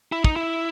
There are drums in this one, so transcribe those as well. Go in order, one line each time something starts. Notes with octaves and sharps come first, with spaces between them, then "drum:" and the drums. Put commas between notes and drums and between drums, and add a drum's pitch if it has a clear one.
E4
D#4, drum: kick
E4